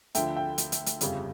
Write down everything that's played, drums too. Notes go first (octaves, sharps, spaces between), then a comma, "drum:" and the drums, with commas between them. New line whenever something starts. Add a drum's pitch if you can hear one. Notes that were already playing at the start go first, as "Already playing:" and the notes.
D2 D3 F3 E5 G5, drum: hi-hat
E5 G5
drum: hi-hat
drum: hi-hat
drum: hi-hat
G1 F2 C#3 G3, drum: hi-hat